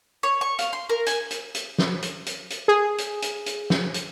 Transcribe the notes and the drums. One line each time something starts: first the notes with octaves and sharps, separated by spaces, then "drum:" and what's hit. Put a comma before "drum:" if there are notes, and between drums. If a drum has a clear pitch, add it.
C#5
C#6
F5, drum: hi-hat
C6
A#4
G#5, drum: hi-hat
drum: hi-hat
drum: hi-hat
drum: snare
drum: hi-hat
drum: hi-hat
drum: hi-hat
G#4
drum: hi-hat
drum: hi-hat
drum: hi-hat
drum: snare
drum: hi-hat